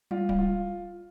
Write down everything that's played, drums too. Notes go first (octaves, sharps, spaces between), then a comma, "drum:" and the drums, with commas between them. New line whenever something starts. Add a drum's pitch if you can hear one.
G3 F4
G3, drum: kick D1
F4